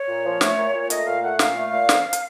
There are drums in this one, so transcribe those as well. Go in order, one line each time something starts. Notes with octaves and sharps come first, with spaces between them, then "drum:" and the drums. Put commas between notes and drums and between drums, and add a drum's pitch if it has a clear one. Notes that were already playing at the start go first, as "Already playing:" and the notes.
Already playing: C#5
A#2
F3
A3, drum: snare
A#2
A#2
A3 D#5, drum: hi-hat
A#2 F5
A3 F#5
A#2 F5, drum: snare
A3
A#2
F2, drum: snare
drum: hi-hat